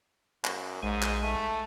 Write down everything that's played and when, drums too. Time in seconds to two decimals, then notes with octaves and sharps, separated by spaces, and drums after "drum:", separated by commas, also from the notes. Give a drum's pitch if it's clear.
0.45 F#2, drum: clap
0.83 A#1 G#2 G#3
1.02 drum: clap
1.23 A3